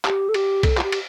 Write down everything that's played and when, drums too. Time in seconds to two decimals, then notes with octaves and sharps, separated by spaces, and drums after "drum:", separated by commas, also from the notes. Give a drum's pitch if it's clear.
0.05 G4, drum: clap
0.28 A4
0.34 G4, drum: cymbal
0.63 A4, drum: kick B1, cymbal
0.77 F4, drum: clap
0.83 G4
0.92 drum: cymbal